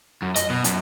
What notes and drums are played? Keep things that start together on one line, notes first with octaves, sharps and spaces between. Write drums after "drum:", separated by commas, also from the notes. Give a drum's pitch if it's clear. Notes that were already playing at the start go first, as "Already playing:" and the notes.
F#2
D#5, drum: hi-hat
B2
F#2, drum: hi-hat